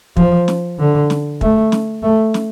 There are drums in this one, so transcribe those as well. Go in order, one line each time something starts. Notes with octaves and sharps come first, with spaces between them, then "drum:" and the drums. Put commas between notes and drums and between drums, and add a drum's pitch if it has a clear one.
F3, drum: kick
drum: snare
D3
drum: snare
A3, drum: kick
drum: snare
A3
drum: snare